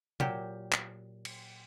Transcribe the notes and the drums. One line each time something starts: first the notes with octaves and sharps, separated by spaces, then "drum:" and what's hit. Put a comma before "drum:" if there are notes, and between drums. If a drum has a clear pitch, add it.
A#2 F#3 G4, drum: tom C3
drum: clap
drum: cymbal